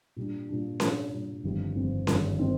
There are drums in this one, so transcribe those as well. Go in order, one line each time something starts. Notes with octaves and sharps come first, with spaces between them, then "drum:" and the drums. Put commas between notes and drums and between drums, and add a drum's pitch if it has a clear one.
A#2 G3 D4
A#2 G3 D4
A#2 G3 D4, drum: snare C#4
A#2 G3 D4
G1 F2 D#3 G3 C4
G1 F2 D#3 G3 C4
G1 F2 D#3 G3 C4, drum: snare C#4
D#3 G3 C4